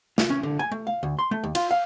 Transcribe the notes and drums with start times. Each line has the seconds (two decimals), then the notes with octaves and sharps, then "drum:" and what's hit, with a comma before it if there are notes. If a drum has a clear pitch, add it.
0.18 F4, drum: snare
0.30 C#4
0.43 D3
0.59 G#5
0.71 A3
0.87 F5
1.03 D2
1.19 C6
1.31 A3
1.43 D#2
1.55 F4, drum: cymbal
1.71 F5